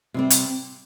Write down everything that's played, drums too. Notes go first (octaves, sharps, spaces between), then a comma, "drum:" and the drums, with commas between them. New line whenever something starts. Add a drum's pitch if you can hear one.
C3 G3 C4
drum: hi-hat